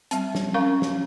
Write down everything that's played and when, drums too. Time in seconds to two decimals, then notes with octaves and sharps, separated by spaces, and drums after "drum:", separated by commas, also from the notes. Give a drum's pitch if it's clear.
0.11 G3 C4, drum: hi-hat
0.35 drum: snare
0.54 C#4 A#4 F5 C#6
0.82 drum: snare